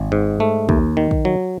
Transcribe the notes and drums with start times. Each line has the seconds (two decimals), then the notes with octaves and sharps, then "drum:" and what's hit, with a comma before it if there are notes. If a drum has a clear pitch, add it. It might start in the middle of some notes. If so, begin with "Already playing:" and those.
Already playing: G#1
0.12 G#2
0.40 A3
0.69 D#2, drum: kick
0.97 D#3
1.11 drum: kick
1.25 F#3